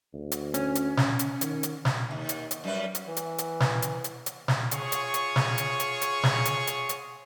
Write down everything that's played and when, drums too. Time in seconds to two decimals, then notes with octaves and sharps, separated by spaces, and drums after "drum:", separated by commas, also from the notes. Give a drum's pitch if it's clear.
0.14 D2
0.32 drum: hi-hat
0.54 C#4, drum: hi-hat
0.75 drum: hi-hat
0.97 drum: snare
1.19 drum: hi-hat
1.41 D#3, drum: hi-hat
1.63 drum: hi-hat
1.85 drum: snare
2.11 D#2
2.29 drum: hi-hat
2.51 drum: hi-hat
2.64 F#2 G3 B4
2.95 drum: hi-hat
3.06 E3
3.17 drum: hi-hat
3.38 drum: hi-hat
3.60 drum: snare
3.82 drum: hi-hat
4.04 drum: hi-hat
4.26 drum: hi-hat
4.48 drum: snare
4.71 F4 G#4 C#5 C#6, drum: hi-hat
4.92 drum: hi-hat
5.14 drum: hi-hat
5.36 drum: snare
5.58 drum: hi-hat
5.80 drum: hi-hat
6.02 drum: hi-hat
6.23 drum: snare
6.45 drum: hi-hat
6.67 drum: hi-hat
6.89 drum: hi-hat